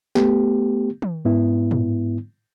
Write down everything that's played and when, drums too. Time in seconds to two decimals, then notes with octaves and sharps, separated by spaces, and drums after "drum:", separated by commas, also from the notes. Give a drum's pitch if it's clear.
0.15 A3 B3 G4, drum: snare
1.02 drum: tom
1.25 G#2 B3 E4
1.71 drum: tom